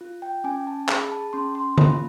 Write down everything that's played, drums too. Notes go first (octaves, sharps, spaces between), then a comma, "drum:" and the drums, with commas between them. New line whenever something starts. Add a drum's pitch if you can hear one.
F4
G5
C#4 G#5
A5
G#4 B5, drum: clap
A5
C#4 C6
C6
F4 B5, drum: tom D3